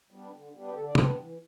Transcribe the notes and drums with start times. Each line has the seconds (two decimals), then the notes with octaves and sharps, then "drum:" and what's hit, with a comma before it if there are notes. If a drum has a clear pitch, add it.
0.11 G3 B3 D4
0.32 D3
0.53 G3 B3 D4
0.68 G4
0.74 D3 A4
0.87 D5
0.95 G3 B3 D4 C5, drum: tom
1.17 E3